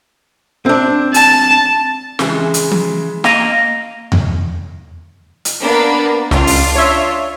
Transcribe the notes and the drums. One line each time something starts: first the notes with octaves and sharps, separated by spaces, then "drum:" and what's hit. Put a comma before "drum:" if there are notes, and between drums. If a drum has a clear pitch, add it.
C4 D4
A5, drum: hi-hat
C#3 E3 G#3, drum: snare
drum: hi-hat
drum: tom E3
A#3 D#5 F5, drum: snare
drum: tom E2
drum: hi-hat
A#3 B3 D4
C#2 D4 F4, drum: snare
drum: open hi-hat
C#5 E5